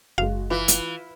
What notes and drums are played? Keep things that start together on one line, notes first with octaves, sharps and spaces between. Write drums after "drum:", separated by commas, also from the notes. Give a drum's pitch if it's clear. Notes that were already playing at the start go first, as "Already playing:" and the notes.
F#1 G#3 F#4 F5
E3 F4
drum: hi-hat